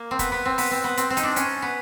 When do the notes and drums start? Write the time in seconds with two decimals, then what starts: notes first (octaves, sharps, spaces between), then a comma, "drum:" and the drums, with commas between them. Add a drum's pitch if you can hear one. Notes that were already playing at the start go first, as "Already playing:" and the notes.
Already playing: A#3
0.11 C4
0.19 B3, drum: kick, hi-hat
0.32 B3
0.45 C4
0.58 B3, drum: open hi-hat
0.71 C4
0.84 B3
0.97 C4, drum: hi-hat
1.10 C4
1.17 D#4, drum: hi-hat
1.23 D4
1.36 C#4, drum: hi-hat
1.62 B3